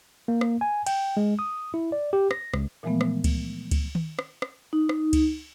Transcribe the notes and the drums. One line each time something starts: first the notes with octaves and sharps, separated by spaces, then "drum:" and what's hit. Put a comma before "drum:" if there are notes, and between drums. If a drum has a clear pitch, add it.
A#3
drum: rim click
G#5
G5, drum: cymbal
G#3
D#6
E4
D5
G4
A#6, drum: rim click
C#2, drum: rim click
A#2 E3 F3 G#3 A3 B3
drum: rim click
drum: kick C#2, cymbal
drum: kick C#2, cymbal
drum: tom D#3
drum: rim click
drum: rim click
D#4
drum: rim click
drum: kick C#2, cymbal